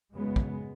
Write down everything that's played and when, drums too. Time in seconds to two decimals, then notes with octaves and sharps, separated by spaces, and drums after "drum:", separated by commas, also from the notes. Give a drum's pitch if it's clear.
0.14 F#2 C#3 G#3 B3
0.36 drum: kick